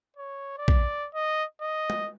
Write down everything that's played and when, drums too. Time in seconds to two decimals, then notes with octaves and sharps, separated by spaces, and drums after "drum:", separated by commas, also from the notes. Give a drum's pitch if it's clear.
0.17 C#5
0.58 D5
0.68 drum: kick A#1
1.14 D#5
1.62 D#5
1.90 drum: tom G#3